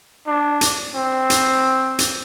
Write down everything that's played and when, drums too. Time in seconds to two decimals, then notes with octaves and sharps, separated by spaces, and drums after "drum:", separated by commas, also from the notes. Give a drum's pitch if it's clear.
0.27 D4
0.61 drum: hi-hat
0.95 C4
1.30 drum: hi-hat
1.99 drum: hi-hat